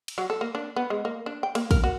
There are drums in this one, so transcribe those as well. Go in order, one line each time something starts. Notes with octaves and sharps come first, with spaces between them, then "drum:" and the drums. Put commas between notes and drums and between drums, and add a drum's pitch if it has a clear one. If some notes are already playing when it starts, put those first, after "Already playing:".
drum: cymbal
F#3
A4
A#3
D4
B3
G#3
A#3
D4
G5
A#3, drum: cymbal
A#4, drum: kick, cymbal
F#4